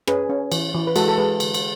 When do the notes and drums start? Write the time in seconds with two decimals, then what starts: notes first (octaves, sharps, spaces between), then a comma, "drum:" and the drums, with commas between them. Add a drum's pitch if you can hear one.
0.07 C#4 G#4 B4, drum: rim click
0.30 C#4
0.52 E3, drum: cymbal
0.74 E3
0.87 B4
0.96 G#3 F#4 A4, drum: cymbal
1.08 A4
1.18 G#3 G#4 B4
1.40 D3, drum: cymbal
1.54 drum: cymbal